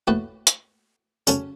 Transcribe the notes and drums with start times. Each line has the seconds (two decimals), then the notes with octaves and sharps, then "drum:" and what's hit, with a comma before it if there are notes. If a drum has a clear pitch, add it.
0.07 A2 A3 F#4 B4
0.47 drum: hi-hat
1.27 C#3 F#3 C#4 A4 C#5, drum: tambourine